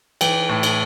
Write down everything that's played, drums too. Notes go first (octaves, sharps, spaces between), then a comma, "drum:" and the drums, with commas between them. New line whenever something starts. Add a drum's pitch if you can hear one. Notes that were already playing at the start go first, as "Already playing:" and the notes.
E3 G5, drum: cymbal
A2
drum: cymbal